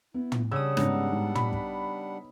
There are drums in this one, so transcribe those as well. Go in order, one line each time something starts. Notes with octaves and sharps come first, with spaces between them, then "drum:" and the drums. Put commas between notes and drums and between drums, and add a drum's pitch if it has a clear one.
B3 E4
drum: tom
C#3 G3 D4 F#5 D#6 E6
G#2 C#3 B3 D#4, drum: rim click
G#2
B5, drum: tom
drum: kick